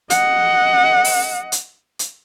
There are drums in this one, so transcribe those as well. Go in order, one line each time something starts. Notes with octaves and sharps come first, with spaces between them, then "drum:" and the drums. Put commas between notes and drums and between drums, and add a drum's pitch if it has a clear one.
D#5 F#5, drum: hi-hat
drum: open hi-hat
drum: hi-hat
drum: hi-hat